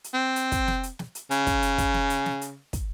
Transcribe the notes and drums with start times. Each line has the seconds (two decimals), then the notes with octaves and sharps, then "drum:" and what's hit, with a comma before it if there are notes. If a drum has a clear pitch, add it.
0.04 drum: hi-hat
0.14 C4
0.36 drum: hi-hat
0.52 drum: kick, hi-hat
0.68 drum: snare
0.83 drum: hi-hat
0.99 drum: snare
1.15 drum: hi-hat
1.31 C#3, drum: hi-hat
1.47 drum: kick, hi-hat
1.62 drum: hi-hat
1.78 drum: kick, hi-hat
1.94 drum: snare
2.10 drum: hi-hat
2.26 drum: snare
2.41 drum: hi-hat
2.73 drum: kick, hi-hat